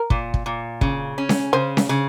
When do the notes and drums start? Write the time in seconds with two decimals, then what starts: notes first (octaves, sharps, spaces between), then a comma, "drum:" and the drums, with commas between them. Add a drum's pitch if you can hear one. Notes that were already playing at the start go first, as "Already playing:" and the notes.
Already playing: A#4
0.10 A#2, drum: kick
0.34 drum: kick
0.46 A#2
0.81 C#3, drum: kick
1.18 C#4
1.29 drum: snare C#4
1.53 C#3 C5
1.77 drum: snare C#4
1.89 C#3